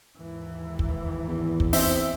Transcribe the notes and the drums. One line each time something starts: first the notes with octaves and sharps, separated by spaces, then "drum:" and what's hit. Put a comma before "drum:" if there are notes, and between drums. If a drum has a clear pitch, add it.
D#2 G#2 E3
drum: kick
E2
drum: kick
C4 E5, drum: open hi-hat